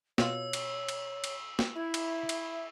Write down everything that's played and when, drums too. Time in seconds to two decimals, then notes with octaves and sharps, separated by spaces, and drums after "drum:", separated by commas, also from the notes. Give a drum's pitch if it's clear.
0.18 B2 F4 C#5 E6, drum: snare
0.53 drum: cymbal
0.88 drum: cymbal
1.24 drum: cymbal
1.59 drum: snare
1.75 E4 E5
1.94 drum: cymbal
2.29 drum: cymbal